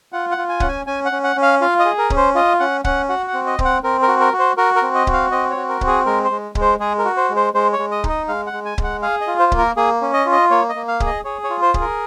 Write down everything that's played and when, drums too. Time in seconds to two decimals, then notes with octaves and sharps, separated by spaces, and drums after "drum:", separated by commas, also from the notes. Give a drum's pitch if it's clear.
0.12 F4 F#5
0.31 F#5
0.37 F4
0.49 G#5
0.60 C#4 F#5, drum: kick C#1
0.68 G#5
0.87 C#4 G#5
1.05 F#5
1.12 C#4
1.24 F#5
1.36 C#4
1.42 F5
1.61 F4 F5
1.79 D#5
1.85 G#4
1.98 A#4
2.10 C#4, drum: kick C#1
2.17 C5
2.35 F4 D#5
2.60 C#4 F#5
2.84 C#4 F#5, drum: kick C#1
3.09 F#4 F#5
3.27 F#5
3.34 C4
3.47 D#5
3.59 C4, drum: kick C#1
3.65 F#5
3.83 C4 A#4
4.02 A#4
4.08 F#4
4.20 A#4
4.33 F#4
4.39 C5
4.57 F#4 A#4
4.76 A#4
4.82 C4
4.95 D#5
5.07 F#4, drum: kick C#1
5.13 F5
5.31 C4 D#5
5.50 C#5
5.57 F#4
5.69 A#4
5.81 C4, drum: kick C#1
5.87 G#4
6.06 G#3 A#4
6.24 C5
6.31 G#3
6.55 G#3, drum: kick C#1
6.61 C5
6.80 G#3 G#4
6.99 A#4
7.05 F#4
7.17 C5
7.30 G#3
7.36 C5
7.54 G#3 C5
7.73 C#5
7.79 G#3
7.91 D#5
8.04 D#4, drum: kick C#1
8.09 D#5
8.28 G#3 F5
8.46 F#5
8.53 G#3
8.65 G#5
8.78 G#3, drum: kick C#1
8.84 F#5
9.02 G#4 F5
9.21 D#5
9.27 F4
9.39 C5
9.52 A#3, drum: kick C#1
9.58 A#4
9.76 A#3 G#4
10.01 C#4
10.13 D#5
10.26 F4
10.32 D#5
10.50 A#3 C#5
10.69 D#5
10.75 A#3
10.88 F5
11.00 G#4, drum: kick C#1
11.06 D#5
11.25 G#4 C#5
11.44 C#5
11.50 F4
11.62 C5
11.74 G#4, drum: kick C#1
11.81 A#4